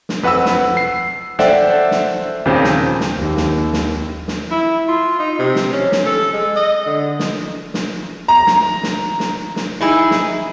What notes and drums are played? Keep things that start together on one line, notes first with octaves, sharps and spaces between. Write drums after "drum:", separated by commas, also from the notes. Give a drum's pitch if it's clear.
drum: snare
F2 B4 F#5 B5 E6
drum: snare
C7
A4 C5 D5 E5 F#5 G5, drum: snare
drum: snare
D#2 A#2 C#3 C4 C5
drum: snare
drum: snare
D#2
drum: snare
drum: snare
drum: snare
E4
F4
D#4
C3
drum: snare
C#4
drum: snare
A4
G#3
D#5
D3
drum: snare
drum: snare
A#5
drum: snare
drum: snare
drum: snare
drum: snare
D#4 E4 G#4
drum: snare